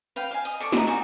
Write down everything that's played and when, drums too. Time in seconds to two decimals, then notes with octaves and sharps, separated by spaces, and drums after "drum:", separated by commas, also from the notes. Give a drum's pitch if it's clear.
0.16 B4 F5 G5
0.31 F5 G#5
0.45 D#5, drum: hi-hat
0.60 A4 D5 A5 C#6
0.72 D#5 E5 A#5, drum: snare
0.87 D#4 F#4 G#4 D5